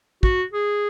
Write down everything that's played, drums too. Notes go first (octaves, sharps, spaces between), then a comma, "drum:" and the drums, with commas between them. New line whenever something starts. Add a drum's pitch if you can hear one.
F#4, drum: kick
G#4